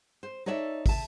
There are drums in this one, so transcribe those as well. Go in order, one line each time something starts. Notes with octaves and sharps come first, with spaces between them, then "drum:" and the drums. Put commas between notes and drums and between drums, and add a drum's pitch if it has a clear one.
C5
D#4 A4 C#5 D5 E5
E5 A5, drum: kick, open hi-hat